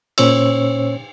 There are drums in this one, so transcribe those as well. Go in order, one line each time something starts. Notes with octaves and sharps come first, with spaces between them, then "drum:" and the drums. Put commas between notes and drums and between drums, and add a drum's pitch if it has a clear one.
A#2 C#4 C5 C#5 E6, drum: cymbal